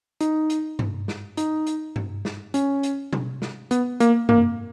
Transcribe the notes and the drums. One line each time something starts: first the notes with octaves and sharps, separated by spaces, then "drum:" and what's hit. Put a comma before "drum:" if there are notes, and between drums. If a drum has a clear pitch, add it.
D#4, drum: hi-hat
drum: hi-hat
drum: tom G2
drum: snare
D#4, drum: hi-hat
drum: hi-hat
drum: tom G2
drum: snare
C#4, drum: hi-hat
drum: hi-hat
drum: tom B2
drum: snare
B3, drum: hi-hat
A#3, drum: hi-hat
A#3, drum: tom F#2